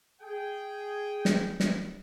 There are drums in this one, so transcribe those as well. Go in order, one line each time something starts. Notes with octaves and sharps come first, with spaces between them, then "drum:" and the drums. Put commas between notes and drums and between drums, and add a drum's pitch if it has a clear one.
G#4 G5
drum: snare
drum: snare